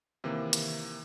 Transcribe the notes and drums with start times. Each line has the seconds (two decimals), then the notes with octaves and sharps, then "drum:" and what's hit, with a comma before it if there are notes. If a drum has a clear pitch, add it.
0.24 C3 D#3 E3 A#3 E5
0.53 drum: hi-hat